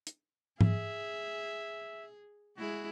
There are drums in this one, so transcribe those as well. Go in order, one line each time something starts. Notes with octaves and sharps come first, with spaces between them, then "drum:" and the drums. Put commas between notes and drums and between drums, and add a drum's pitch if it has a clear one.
drum: hi-hat
G#4 E5, drum: tom G#2
G#3 E4 F#4 G#4